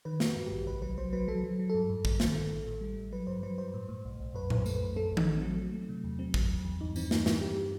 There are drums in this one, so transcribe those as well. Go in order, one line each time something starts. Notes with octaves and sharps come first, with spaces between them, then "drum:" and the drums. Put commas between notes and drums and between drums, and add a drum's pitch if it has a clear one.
D#3 B4
D#3, drum: snare
F#4
G2
A1 G4
C2 B4
F#3 B4
F#3 C5
F#3 B4
F#3 A4
F#3
F#3
A4
G2
G2
G2, drum: kick
D#3, drum: snare
D#3
A1
A2
G3
A1
F#3 B4
G2 C5
F#3 B4
G2 C5
A2
A2
B1
B1
F#2 B4
F#2 C5, drum: tom A2
A3, drum: tambourine
B4
F#2
A3 A4
A1
D#4, drum: tom D#3
A3
F#3 C4
F#3
A3
C3
E2
F#3 C4
E2, drum: kick
E2
E2
G2 D#4
E3 C4, drum: tambourine
G2 D#4, drum: snare
G2 E4, drum: snare
G2 G4